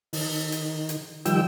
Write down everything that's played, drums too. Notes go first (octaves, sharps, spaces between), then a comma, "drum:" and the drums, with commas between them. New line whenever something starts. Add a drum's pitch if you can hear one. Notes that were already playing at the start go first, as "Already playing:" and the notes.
D#3, drum: open hi-hat
drum: hi-hat
drum: hi-hat
D#3 F3 G3 G5 E6, drum: hi-hat